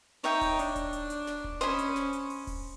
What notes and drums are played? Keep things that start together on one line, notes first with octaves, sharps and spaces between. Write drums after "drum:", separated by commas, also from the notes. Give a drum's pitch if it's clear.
D#4 C#5 E5 G5, drum: open hi-hat
drum: kick D1, open hi-hat
D4, drum: hi-hat
drum: kick D1, hi-hat
drum: hi-hat
drum: hi-hat
drum: snare
drum: kick D1
C#4 C5 D#5 G#5 B5, drum: hi-hat
drum: hi-hat
drum: snare
drum: hi-hat
drum: open hi-hat
drum: kick D1, open hi-hat